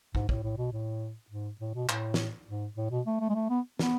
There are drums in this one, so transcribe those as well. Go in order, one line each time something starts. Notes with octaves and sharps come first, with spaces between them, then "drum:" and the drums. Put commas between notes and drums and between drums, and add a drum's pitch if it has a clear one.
G#2, drum: kick
A2, drum: kick
A2
B2
A2
G#2
A2
B2
A2, drum: clap
drum: snare
G#2
A2
B2
A3
A3
G#3
A3
B3
B3, drum: snare